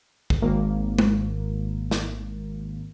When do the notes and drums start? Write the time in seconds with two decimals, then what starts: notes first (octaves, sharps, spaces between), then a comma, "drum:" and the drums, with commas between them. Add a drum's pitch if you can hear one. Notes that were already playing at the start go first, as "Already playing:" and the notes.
0.30 drum: kick
0.42 G#1 A#3
0.99 drum: tom
1.91 drum: snare